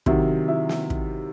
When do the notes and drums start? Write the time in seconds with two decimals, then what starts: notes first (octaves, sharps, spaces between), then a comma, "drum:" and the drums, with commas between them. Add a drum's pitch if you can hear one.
0.06 C3 D#3 F#3 E4, drum: kick
0.48 E4
0.69 drum: snare
0.90 drum: kick